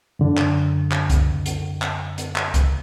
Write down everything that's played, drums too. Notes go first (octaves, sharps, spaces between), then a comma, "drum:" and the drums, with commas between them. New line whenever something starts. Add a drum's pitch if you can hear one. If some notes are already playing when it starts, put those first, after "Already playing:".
F#2 D3
drum: clap
drum: clap
drum: kick C#2, hi-hat
drum: hi-hat
drum: clap
drum: hi-hat
drum: clap
drum: kick C#2, hi-hat